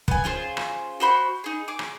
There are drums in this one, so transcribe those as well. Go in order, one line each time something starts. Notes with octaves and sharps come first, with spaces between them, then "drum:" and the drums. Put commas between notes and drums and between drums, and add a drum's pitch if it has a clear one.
B3 G#5, drum: kick
C#4 F4 G#4 C5
drum: rim click
F#4 C5 B5 C#6
D#4 G#4
G#4 D6
drum: rim click